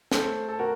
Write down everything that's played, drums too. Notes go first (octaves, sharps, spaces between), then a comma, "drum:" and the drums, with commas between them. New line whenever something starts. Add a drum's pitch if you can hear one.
A3 A4 C5, drum: snare
A4
C3 F#4 A#4